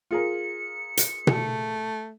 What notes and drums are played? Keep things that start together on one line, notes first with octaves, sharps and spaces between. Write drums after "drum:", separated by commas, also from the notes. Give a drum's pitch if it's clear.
F4 G#4 A#4 C#7
drum: hi-hat
A3, drum: tom B2